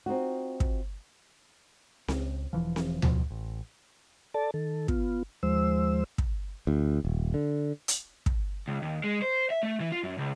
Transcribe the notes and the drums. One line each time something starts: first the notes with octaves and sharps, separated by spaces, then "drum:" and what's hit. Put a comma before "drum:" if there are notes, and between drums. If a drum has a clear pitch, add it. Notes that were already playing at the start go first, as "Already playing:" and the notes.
C4 D#4 F4 F#4
drum: kick
C#2, drum: snare C4
E1 E3 F3
drum: snare C4
E2 B2 F3, drum: tom D2
A1
A4 D5 A5
D#3 A4
B3 F4, drum: kick
D#2 F3 G#3 C5 E6
drum: kick
D2
D#1
D3
drum: hi-hat
drum: kick
C#2
D#2
G#3
C5
E5
A3
E3
F4
F#2
C#2